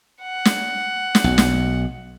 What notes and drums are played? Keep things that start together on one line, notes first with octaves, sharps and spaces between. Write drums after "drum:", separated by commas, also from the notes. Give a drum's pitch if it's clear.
F#5
drum: snare
drum: snare
B1
drum: snare